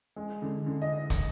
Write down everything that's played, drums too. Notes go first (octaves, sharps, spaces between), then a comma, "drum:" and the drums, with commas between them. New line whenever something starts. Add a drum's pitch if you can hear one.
G#3
D3
D3
D#5
drum: kick, hi-hat